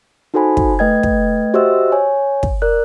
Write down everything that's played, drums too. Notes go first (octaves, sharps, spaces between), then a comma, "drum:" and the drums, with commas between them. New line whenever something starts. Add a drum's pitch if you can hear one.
D#4 F#4 A4 C5 G#5 B5
drum: kick
A3 B4 D#5 G5 G#6
drum: kick
F#4 G4 C5 D#5 E5 E6
C#5 G#5
drum: kick
A#4 D5 F#6